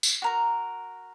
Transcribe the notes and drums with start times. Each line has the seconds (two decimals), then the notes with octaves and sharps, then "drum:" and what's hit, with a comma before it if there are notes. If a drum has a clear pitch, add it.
0.03 drum: tambourine
0.22 F#4 A#4 A#5